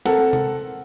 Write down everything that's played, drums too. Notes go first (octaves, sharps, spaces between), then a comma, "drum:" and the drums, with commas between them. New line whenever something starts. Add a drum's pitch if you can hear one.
C4 A4 A#4 F#5, drum: snare
drum: tom C3